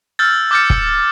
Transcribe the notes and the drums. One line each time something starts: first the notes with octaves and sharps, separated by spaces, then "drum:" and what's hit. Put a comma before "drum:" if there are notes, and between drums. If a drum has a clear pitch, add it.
E6 F6 G6 A6
D6 F6 G6 A6 C#7
drum: kick